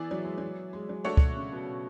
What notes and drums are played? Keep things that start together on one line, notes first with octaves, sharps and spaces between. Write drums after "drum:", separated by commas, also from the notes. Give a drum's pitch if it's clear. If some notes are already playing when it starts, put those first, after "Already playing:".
Already playing: E3 B3 E4 G#4 D5
F#3
G#3
F#3
G#3
F#3
A3 D4 F#4 C#5
drum: kick C#2
C#3
B2